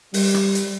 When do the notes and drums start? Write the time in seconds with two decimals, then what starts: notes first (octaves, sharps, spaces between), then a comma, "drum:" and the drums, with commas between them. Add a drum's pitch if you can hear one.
0.14 G3, drum: open hi-hat
0.34 drum: rim click
0.55 drum: hi-hat